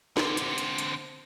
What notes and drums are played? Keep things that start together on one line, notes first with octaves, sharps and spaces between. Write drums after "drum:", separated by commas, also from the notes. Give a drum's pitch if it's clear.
D3 C4, drum: snare
drum: hi-hat
drum: hi-hat
drum: hi-hat